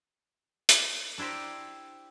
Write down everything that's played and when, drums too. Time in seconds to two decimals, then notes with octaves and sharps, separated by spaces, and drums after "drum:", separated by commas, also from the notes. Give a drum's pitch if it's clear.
0.69 drum: hi-hat
1.18 D4 E4 G4 C5 A#5